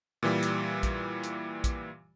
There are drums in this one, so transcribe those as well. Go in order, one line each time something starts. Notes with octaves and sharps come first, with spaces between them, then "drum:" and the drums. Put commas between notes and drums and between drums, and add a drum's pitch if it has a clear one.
A#2 E3 G3
drum: hi-hat
drum: kick, hi-hat
drum: hi-hat
drum: kick, hi-hat